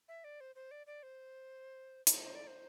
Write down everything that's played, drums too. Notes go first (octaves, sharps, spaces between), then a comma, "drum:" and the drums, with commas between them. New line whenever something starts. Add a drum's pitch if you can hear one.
E5
D5
C5
C5
D5
D5
C5
drum: hi-hat
C5
D5
C5